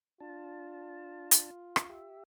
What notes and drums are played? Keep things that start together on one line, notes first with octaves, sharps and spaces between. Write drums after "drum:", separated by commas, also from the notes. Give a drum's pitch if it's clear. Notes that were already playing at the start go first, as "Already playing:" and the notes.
D4 F4 A5
drum: hi-hat
drum: rim click
G4 E5